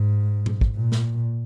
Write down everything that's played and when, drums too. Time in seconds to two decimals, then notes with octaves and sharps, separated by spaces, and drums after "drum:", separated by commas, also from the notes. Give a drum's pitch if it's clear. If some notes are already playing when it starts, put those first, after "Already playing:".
Already playing: G#2
0.46 drum: tom A#2
0.61 drum: kick
0.76 A#2
0.92 drum: snare